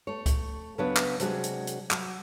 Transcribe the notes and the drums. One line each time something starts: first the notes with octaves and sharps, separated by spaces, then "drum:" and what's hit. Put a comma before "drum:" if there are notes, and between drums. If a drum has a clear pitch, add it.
A3 C#5
drum: kick C#2, hi-hat
C#3 F#3 B3 D4 B4 C#5
drum: clap
C3 F#3 G#3 D4 F#4 G#4, drum: hi-hat
drum: hi-hat
drum: hi-hat
F#3, drum: clap